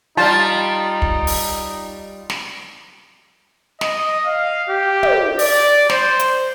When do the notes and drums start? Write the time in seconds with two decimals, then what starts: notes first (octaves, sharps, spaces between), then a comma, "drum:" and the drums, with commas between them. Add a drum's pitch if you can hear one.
0.17 G3 D#4 F4 A5
1.02 drum: kick
1.27 drum: open hi-hat
2.30 drum: snare
3.81 D#5, drum: snare
4.26 F5
4.69 G4
5.03 drum: tom
5.39 D5, drum: open hi-hat
5.90 C5, drum: snare
6.19 drum: hi-hat